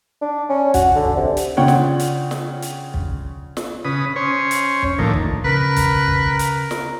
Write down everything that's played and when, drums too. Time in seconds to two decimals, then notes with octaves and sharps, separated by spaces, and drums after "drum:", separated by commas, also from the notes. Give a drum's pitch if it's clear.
0.21 D4
0.49 C#4
0.74 F#4, drum: kick, hi-hat
0.95 D3
1.05 drum: kick
1.17 C3
1.37 drum: hi-hat
1.57 C#3 D4 F4 C#5 F#5 G5
1.68 drum: snare
2.00 drum: hi-hat
2.31 drum: snare
2.62 drum: hi-hat
2.94 drum: kick
3.57 drum: snare
3.85 C#3 B4 D#6
4.16 C#4 C5 C#5
4.51 drum: hi-hat
4.82 drum: kick
4.99 A2 D3 D#3 F3 A#3
5.14 drum: kick
5.45 C#3 A#4 B4
5.76 drum: kick, hi-hat
6.08 drum: kick
6.39 drum: hi-hat
6.71 drum: snare